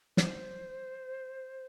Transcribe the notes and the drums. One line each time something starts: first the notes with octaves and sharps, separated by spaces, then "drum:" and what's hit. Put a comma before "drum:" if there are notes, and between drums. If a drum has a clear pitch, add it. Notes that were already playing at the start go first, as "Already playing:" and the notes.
C5, drum: snare